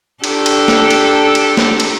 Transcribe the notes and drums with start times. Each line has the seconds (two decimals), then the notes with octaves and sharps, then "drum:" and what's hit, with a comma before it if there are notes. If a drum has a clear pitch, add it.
0.24 D4 G4 A4, drum: cymbal
0.46 drum: cymbal
0.68 drum: snare
0.90 drum: cymbal
1.35 drum: cymbal
1.57 drum: snare
1.80 drum: cymbal